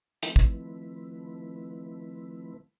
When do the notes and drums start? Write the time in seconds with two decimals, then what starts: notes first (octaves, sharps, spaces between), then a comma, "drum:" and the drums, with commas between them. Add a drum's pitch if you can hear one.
0.23 D#3 F3 A3 C4 E4 B4, drum: hi-hat
0.36 drum: kick